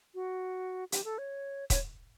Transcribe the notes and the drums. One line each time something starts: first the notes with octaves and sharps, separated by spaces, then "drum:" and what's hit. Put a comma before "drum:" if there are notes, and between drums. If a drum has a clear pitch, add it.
F#4
G4, drum: hi-hat
A4
C#5
C#5, drum: kick D#1, hi-hat